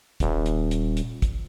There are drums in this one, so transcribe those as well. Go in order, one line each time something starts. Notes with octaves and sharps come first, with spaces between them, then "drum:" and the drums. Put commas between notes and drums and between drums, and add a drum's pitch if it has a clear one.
D#1, drum: kick, hi-hat
drum: hi-hat
drum: hi-hat
drum: hi-hat
drum: kick, hi-hat